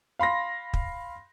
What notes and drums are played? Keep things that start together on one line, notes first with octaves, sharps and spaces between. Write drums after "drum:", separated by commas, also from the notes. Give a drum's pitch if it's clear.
F5 B5 C6 A#6
drum: kick